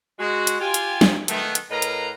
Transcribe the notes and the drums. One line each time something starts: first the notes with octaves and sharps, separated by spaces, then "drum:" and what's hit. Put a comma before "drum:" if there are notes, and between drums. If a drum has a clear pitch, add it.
G#3 F#4
drum: hi-hat
F4 G4 G#5
drum: hi-hat
drum: snare
D#3 A3 B3, drum: hi-hat
drum: hi-hat
A2 A#4 B4 D#5 F5 A#5
drum: hi-hat